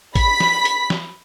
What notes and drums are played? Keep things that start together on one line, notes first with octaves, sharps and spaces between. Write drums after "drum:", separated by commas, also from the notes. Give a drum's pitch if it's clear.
B5 B6, drum: kick A1, hi-hat
drum: snare
drum: hi-hat
drum: snare